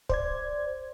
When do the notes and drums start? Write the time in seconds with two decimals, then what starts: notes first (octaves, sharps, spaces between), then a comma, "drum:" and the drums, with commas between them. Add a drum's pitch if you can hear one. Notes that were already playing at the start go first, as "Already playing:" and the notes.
0.09 C5 D5 G#6, drum: kick